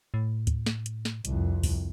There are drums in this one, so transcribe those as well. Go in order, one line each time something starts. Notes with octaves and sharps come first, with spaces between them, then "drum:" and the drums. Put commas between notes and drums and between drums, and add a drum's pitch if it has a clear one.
A2
drum: kick D2, hi-hat
drum: snare
drum: hi-hat
drum: snare
C2 F2, drum: hi-hat
drum: kick D2, open hi-hat